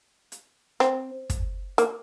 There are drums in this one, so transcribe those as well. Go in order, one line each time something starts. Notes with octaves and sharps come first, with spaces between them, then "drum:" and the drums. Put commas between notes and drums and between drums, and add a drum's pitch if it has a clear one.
drum: hi-hat
C4, drum: rim click
drum: kick, hi-hat
A#3, drum: hi-hat